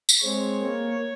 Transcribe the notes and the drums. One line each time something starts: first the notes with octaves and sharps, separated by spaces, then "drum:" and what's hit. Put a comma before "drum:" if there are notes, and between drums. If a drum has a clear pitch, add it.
drum: tambourine
G#3 C4 C#5
A#3